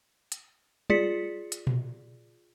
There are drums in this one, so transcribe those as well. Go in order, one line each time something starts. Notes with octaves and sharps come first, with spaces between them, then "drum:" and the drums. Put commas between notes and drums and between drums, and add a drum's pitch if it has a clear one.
drum: hi-hat
F4 G#4 D5 B6 C#7, drum: tom G3
drum: hi-hat
drum: tom A#2